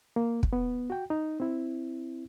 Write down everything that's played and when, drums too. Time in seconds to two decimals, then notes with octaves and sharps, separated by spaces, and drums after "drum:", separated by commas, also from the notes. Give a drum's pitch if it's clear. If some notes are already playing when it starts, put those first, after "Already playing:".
0.16 A#3
0.43 drum: kick
0.53 B3
0.90 F#4 G5
1.10 D#4
1.40 C4 E4